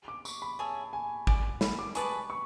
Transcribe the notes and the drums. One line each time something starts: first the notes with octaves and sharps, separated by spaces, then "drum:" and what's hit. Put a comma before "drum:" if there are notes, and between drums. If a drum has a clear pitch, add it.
D6
C#6, drum: tambourine
B5
G#4 C#5 E5 A5
G#5
D5 F#5 G#5 B5 D6, drum: kick
B5, drum: snare
D6
G#4 B4 D5 A5 C#6, drum: hi-hat
C#6